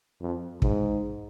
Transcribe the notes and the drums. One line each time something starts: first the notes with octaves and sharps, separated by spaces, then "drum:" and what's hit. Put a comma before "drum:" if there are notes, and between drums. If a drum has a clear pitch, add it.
F2
G#2, drum: kick